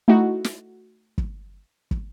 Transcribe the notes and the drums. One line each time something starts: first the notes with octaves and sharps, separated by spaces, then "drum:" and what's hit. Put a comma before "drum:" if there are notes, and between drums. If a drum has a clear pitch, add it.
A3 D#4 E4 F#4
drum: snare
drum: kick
drum: kick